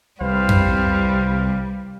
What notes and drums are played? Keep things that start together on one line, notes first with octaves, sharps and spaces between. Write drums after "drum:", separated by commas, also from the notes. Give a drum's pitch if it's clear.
C2 G3 B4 C5 F5
drum: tom F2